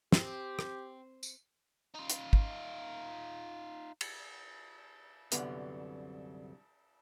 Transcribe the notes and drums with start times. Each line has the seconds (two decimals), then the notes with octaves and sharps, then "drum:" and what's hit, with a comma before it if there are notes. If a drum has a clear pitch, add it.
0.12 C4 G4, drum: snare
0.59 drum: rim click
1.23 drum: tambourine
1.95 D#4 F4
2.10 drum: hi-hat
2.33 drum: kick
4.01 drum: cymbal
5.32 C2 F#2 D3 B3, drum: hi-hat